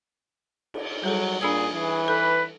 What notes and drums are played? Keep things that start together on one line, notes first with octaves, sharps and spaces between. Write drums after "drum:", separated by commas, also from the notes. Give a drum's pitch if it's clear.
drum: cymbal
F#3 G3 G#4 A4
A#2 D4 G#4 E6 G#6
E3 G#4
A4 B4